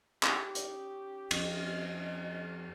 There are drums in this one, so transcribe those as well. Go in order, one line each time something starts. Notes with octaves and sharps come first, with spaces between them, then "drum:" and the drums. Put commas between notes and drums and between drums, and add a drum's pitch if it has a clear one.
C#4 D#4 G4, drum: clap
drum: hi-hat
F2 D#5, drum: cymbal